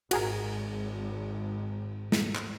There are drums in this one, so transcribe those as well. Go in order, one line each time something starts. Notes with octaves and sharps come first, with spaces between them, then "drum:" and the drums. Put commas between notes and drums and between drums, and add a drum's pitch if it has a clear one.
G#1 F#4 G#4 A#4, drum: cymbal
drum: snare
drum: clap